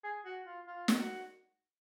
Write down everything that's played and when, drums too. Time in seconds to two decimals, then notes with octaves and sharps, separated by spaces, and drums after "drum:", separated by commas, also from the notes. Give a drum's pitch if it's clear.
0.04 G#4
0.25 F#4
0.46 F4
0.67 F4
0.88 drum: snare
0.99 F#4